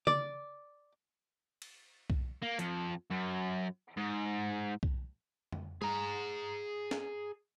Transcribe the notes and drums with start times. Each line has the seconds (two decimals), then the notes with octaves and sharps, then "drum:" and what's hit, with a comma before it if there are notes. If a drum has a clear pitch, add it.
0.07 D5, drum: tom C#3
1.62 drum: cymbal
2.10 drum: kick B1
2.43 A#3
2.59 F2, drum: hi-hat
3.11 F#2
3.97 G#2
4.83 drum: kick B1
5.52 drum: tom F2
5.82 G#4 A#5, drum: tom G3
6.91 drum: snare